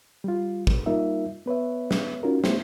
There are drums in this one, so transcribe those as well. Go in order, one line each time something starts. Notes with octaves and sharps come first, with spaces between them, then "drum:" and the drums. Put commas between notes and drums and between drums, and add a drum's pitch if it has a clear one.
G3 F4
drum: kick
G3 A#3 D#4 F4 A#4 E5
B3 B4 C#5 E5
drum: snare
C#4 D#4 F4 F#4 A#4
A3 B3 E4 G4 C5, drum: snare